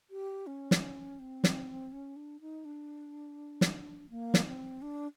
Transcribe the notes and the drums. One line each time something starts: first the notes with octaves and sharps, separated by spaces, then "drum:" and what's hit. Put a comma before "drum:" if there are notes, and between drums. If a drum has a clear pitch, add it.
G4
C#4
drum: snare
C4
drum: snare
C#4
D4
D#4
D4
drum: snare
A#3
drum: snare
C4
D4